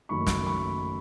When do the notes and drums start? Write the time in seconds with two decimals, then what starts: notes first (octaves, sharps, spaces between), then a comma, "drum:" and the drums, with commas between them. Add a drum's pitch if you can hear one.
0.09 F#1 F#2 D#3 F#3 A3 B5 C#6
0.27 drum: snare
0.47 B5 C#6